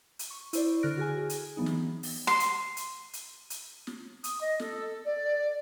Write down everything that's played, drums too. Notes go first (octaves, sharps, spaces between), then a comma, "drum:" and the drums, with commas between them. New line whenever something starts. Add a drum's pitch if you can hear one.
drum: hi-hat
C#6
E4 C5 D5, drum: hi-hat
D3 A4 F6 F#6 A#6 D7
F#4 G#4 G#5
G#4
drum: hi-hat
E3 F#3 B3 D#4
drum: snare
drum: open hi-hat
C6
drum: hi-hat
drum: hi-hat
drum: hi-hat
drum: hi-hat
drum: snare
D#6, drum: hi-hat
D#5
A4, drum: snare
D5